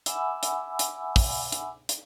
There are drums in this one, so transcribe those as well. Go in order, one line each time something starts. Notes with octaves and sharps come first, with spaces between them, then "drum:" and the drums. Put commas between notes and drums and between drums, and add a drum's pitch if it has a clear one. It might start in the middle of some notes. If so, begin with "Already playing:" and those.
E5 F#5 G#5 B5 D6 E6, drum: hi-hat
drum: hi-hat
drum: hi-hat
drum: kick, open hi-hat
drum: hi-hat
drum: hi-hat